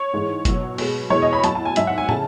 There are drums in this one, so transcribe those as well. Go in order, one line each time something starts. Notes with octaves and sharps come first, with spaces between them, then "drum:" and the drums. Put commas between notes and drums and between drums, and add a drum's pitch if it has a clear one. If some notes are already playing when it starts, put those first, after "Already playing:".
Already playing: C#5
G#2 E3 G#3
B2 F#3, drum: kick F1, hi-hat
B2 G#3, drum: open hi-hat
E2 B2 G#3 C#5, drum: tom
D#5
B5
A2 F#3 A5, drum: hi-hat
A5
G#5
G#2 F#3 E5, drum: hi-hat
F#5
G#5
C#3 A5, drum: tom